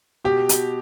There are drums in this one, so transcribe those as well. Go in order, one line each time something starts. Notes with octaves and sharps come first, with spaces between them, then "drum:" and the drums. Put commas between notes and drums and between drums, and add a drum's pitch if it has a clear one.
B2 G4
B2, drum: hi-hat